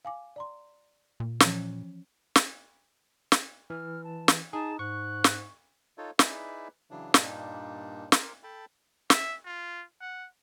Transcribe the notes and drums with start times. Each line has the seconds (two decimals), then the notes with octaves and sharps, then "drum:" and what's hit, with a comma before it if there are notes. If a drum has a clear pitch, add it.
0.05 F5 G#5 D6
0.36 D5 A#5 C6
1.20 A#2
1.40 E3 F3 C#4, drum: snare
2.36 drum: snare
3.32 drum: snare
3.70 E3 F6
4.04 A5
4.28 drum: snare
4.53 D#4 G#4 A5
4.79 G#2 C#6 F#6
5.24 drum: snare
5.98 D#4 F4 A4 C#5
6.19 D#4 E4 G#4 B4 D5 E5, drum: snare
6.91 C#3 E3 F#3 D4
7.14 G2 A#2 G3 A#3 D4 D#4, drum: snare
8.12 A#4 C6 D6, drum: snare
8.43 A4 G5 A5 B5
9.10 E5, drum: snare
9.45 F4
10.00 F#5